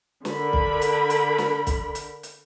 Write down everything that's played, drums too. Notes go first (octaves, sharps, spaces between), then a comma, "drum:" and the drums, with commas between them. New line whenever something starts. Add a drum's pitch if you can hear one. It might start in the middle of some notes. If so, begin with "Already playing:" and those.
D3 A#4 B5, drum: snare
drum: kick
drum: hi-hat
drum: hi-hat
drum: snare
drum: kick, hi-hat
drum: hi-hat
drum: hi-hat